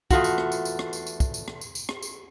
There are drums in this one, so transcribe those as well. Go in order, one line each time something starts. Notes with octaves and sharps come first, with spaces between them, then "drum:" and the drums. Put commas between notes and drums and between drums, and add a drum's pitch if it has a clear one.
E2 A3 F4 F#4, drum: kick, tambourine
drum: tambourine
drum: rim click
drum: tambourine
drum: tambourine
drum: rim click
drum: tambourine
drum: tambourine
drum: kick, tambourine
drum: tambourine
drum: rim click
drum: tambourine
drum: tambourine
drum: rim click
drum: tambourine